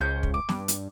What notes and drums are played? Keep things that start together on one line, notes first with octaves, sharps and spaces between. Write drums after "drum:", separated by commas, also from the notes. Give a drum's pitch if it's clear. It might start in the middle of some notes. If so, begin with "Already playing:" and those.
C#2 C#4 C5 G6
drum: kick
D6
G2, drum: snare
drum: hi-hat